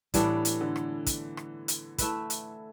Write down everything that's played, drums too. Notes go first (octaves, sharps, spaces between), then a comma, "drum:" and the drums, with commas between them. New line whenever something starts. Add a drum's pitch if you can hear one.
A2 E3 G3 B3 D4, drum: kick, hi-hat
drum: hi-hat
D3
drum: rim click
drum: kick, hi-hat
drum: rim click
drum: hi-hat
A3 E4 B4, drum: kick, hi-hat
drum: hi-hat